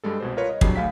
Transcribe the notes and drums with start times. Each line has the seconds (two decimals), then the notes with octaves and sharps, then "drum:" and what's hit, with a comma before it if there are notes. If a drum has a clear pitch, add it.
0.04 G2 G3 G#3 A4
0.20 C2 B2 C5
0.37 F4 A#4 B4 C#5
0.49 D#5
0.61 F2 F#3 G3 D4 G#4 C7, drum: kick
0.76 D2 F5 B6